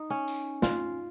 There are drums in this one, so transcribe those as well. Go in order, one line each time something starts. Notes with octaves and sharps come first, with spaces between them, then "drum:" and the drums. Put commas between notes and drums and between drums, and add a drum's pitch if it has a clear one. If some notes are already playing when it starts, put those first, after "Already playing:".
Already playing: D#4
C#4
drum: tambourine
F4, drum: snare